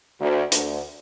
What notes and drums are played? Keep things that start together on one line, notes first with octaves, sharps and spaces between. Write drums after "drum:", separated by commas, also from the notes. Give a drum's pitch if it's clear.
D2
D2, drum: hi-hat